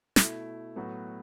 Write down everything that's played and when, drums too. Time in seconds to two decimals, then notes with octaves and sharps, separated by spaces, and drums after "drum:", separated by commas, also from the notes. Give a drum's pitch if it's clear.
0.16 B2 A3 E4, drum: snare
0.76 A2 F#3 B3 F#4